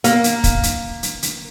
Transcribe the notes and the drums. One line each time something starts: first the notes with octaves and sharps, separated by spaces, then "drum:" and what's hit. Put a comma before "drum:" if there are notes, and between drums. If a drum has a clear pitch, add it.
A#3, drum: hi-hat
drum: hi-hat
drum: kick, hi-hat
drum: hi-hat
drum: hi-hat
drum: hi-hat